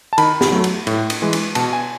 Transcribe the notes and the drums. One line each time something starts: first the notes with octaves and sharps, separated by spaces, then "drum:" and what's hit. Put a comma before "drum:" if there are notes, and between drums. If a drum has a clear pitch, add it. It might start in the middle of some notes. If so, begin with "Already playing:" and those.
A5
D#3 B5, drum: cymbal
drum: snare
F#3 A3
drum: cymbal
A2, drum: cymbal
drum: cymbal
E3 G#3
drum: cymbal
B2 A5, drum: cymbal
G#5